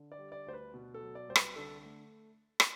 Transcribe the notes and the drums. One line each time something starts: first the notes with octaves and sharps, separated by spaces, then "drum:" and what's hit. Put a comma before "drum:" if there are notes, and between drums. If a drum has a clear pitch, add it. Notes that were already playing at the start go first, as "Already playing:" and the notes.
Already playing: D3
D5
G3
D5
D2 C5
B4
B2
A4
F#3
D5
C2 C5
B4, drum: rim click
D3 A4
A3
drum: rim click